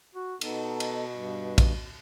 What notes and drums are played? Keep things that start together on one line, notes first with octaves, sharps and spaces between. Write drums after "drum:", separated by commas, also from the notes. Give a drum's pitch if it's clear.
F#4
B2 B3 D#4 A4, drum: cymbal
drum: cymbal
G2
drum: kick A#1, cymbal